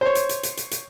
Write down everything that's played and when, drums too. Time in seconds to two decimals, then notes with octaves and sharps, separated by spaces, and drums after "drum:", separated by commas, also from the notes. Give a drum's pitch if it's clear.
0.01 C5 C#5
0.15 drum: hi-hat
0.29 drum: hi-hat
0.43 drum: hi-hat
0.57 drum: hi-hat
0.71 drum: hi-hat